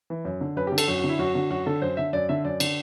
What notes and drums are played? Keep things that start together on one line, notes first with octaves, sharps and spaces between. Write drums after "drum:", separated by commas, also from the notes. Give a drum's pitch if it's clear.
E3
F#2
D3
F#2 B4
G4
D3
A4, drum: cymbal
F#2 F#4
F#4
D3
E4
F#2 F#4
D3 F#4
F#2 F#4
D3 A4
F#2 C5
D3 E5
F#2 D5
D3 E5
F#2 D5
D3, drum: cymbal